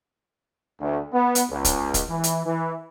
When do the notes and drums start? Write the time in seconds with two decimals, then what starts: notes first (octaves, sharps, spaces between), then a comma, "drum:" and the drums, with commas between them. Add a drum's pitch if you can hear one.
0.80 D2
1.12 B3
1.35 drum: hi-hat
1.50 C#2
1.65 drum: kick, hi-hat
1.94 drum: kick, hi-hat
2.09 E3
2.24 drum: hi-hat
2.45 E3